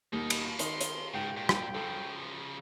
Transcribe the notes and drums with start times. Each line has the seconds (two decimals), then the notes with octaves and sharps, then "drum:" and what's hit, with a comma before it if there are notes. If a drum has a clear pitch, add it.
0.13 D#2 B2 G3 A#3 D#4
0.30 drum: cymbal
0.59 D#3 D#5 C6, drum: hi-hat
0.81 drum: hi-hat
1.14 G#2 C#3 G5
1.37 A#2 G5
1.49 drum: rim click
1.75 C#3 F3 A4